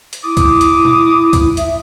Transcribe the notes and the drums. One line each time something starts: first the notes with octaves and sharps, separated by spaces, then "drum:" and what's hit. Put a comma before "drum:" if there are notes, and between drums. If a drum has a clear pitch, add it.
drum: hi-hat
E4 D6 D#6
drum: kick C#2, hi-hat
drum: hi-hat
drum: tom B2
drum: kick C#2, hi-hat
E5, drum: hi-hat